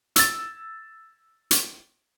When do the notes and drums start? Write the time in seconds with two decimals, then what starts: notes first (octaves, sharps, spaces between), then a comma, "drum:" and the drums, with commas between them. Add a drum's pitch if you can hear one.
0.16 E6 A6, drum: hi-hat
1.51 drum: hi-hat